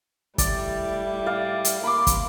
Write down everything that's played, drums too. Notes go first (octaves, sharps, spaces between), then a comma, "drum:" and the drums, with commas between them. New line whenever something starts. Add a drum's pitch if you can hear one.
A2 G3 E4 D5, drum: kick, hi-hat
D5 F5
drum: hi-hat
A#3 B5 C6 D6
drum: kick, hi-hat